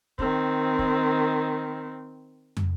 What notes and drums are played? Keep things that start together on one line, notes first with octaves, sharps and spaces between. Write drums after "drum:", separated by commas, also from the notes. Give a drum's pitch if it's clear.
D#3 C4, drum: kick
drum: kick
drum: tom